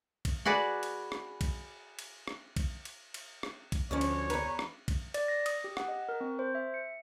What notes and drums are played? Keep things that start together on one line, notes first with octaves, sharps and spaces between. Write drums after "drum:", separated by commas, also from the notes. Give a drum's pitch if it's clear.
drum: kick B1, cymbal
F#4 G#4 B4 D5
drum: cymbal
drum: rim click
drum: kick B1, cymbal
drum: cymbal
drum: rim click
drum: kick B1, cymbal
drum: cymbal
drum: cymbal
drum: rim click
drum: kick B1, cymbal
D2 D3 F3 C#4 C#5
drum: cymbal
E2 B4 A#5, drum: cymbal
drum: rim click
drum: kick B1, cymbal
D5, drum: cymbal
A#6
D#6, drum: cymbal
G4
F#5, drum: rim click
D#5
A#4
C4
C5
E5
C#7